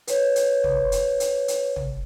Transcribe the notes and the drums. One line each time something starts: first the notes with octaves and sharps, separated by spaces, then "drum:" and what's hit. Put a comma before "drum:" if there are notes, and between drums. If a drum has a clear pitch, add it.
B4 C#5, drum: hi-hat
drum: hi-hat
drum: tom
drum: hi-hat
drum: hi-hat
drum: hi-hat
drum: tom